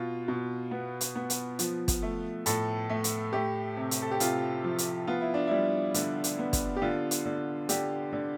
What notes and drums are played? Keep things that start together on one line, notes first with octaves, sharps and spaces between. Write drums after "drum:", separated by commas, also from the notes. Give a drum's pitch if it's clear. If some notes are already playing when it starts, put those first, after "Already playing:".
Already playing: B2 F4
B2
B3
drum: hi-hat
B3
drum: hi-hat
F3, drum: hi-hat
drum: kick, hi-hat
A3
A2 A4, drum: hi-hat
A3
drum: hi-hat
A3 G4
C3
drum: hi-hat
A4
G4
C3 F4, drum: hi-hat
F3
drum: hi-hat
B3 F4
E4
D4
G3 E4
D3, drum: hi-hat
drum: hi-hat
B3
drum: kick, hi-hat
G4
D3 F4
drum: hi-hat
D3
D3 G4, drum: hi-hat
D3